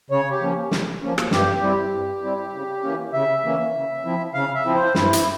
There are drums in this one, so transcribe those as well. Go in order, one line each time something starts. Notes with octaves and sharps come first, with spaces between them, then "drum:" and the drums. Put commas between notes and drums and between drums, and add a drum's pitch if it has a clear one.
C#3 C#5
G4
F3 A#3 C#4
C#3, drum: snare
F3 A#3 C#4
drum: rim click
G2 G4, drum: snare
G3 C4 E4
G2
G3 C4 E4
C#3
E3 A#3 C#4
C#3 E5
E3 A#3 C#4
C#3
F3 C4 E4
C#3 F5
E5
F3 C4 E4
C5
G2 E4, drum: snare
drum: hi-hat